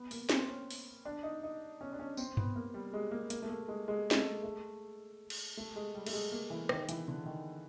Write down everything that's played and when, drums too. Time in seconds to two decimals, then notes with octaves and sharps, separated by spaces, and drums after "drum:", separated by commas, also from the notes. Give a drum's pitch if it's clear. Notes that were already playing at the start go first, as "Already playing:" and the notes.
Already playing: B3
0.11 A#3, drum: open hi-hat
0.29 C4, drum: snare
0.48 C#4
0.70 drum: open hi-hat
1.05 D4
1.23 D#4
1.43 D#4
1.81 C#4
1.93 D4
1.99 C#4
2.17 C4, drum: tambourine
2.37 B3, drum: tom G2
2.56 A#3
2.74 G3
2.93 G#3
3.11 A#3
3.30 A#3, drum: hi-hat
3.42 A3
3.49 A#3
3.68 G#3
3.88 G#3
4.11 G#3, drum: snare
4.15 A3
4.43 A3
5.30 drum: cymbal
5.57 A3
5.76 G#3
5.95 G3
6.06 A3, drum: cymbal
6.13 G#3
6.32 A#3
6.50 E3
6.69 D#3, drum: rim click
6.89 E3, drum: hi-hat
7.08 D3
7.26 D#3